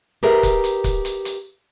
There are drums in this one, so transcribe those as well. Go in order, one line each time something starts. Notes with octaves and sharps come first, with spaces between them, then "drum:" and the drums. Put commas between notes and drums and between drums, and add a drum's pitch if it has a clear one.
G4 G#4 A#4 B4 E5
drum: kick C#1, hi-hat
drum: hi-hat
drum: kick C#1, hi-hat
drum: hi-hat
drum: hi-hat